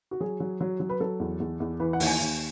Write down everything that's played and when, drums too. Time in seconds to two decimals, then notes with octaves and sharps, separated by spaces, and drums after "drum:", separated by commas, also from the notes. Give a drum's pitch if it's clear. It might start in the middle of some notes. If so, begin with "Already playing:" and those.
0.11 F#4
0.20 F#3 G#4
0.40 F#3
0.61 F#3
0.80 F#3
0.89 B4
1.00 F#3 A4
1.20 E2
1.40 E2
1.60 E2
1.80 E3 B4
1.93 F#5
2.00 D#2, drum: open hi-hat
2.06 G#5
2.20 D#2